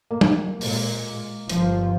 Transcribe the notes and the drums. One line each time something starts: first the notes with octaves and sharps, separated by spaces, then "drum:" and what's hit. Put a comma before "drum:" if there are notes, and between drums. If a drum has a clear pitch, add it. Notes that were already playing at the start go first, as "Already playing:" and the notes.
A#3
drum: tom
A#2 G#3, drum: open hi-hat
G1 F3, drum: hi-hat